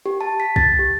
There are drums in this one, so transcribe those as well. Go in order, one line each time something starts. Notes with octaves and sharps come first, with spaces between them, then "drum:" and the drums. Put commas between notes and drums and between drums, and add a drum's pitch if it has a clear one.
G4
A5
B6
A6, drum: kick
G4